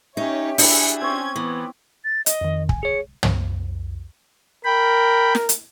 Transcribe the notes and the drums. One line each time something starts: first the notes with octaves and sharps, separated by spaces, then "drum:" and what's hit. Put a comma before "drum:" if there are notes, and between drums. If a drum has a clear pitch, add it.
C#4 D#4 G4 C#5 E5
D4 E4 F#4 G#4 G5 B5, drum: open hi-hat
C4 C#4 C#5 G#6
E3 B3 D6
A6
D#5, drum: hi-hat
F2 D#3
G#5, drum: kick
G#4 C#5 C#7
drum: tom
A#4 G5 B5
drum: snare
drum: hi-hat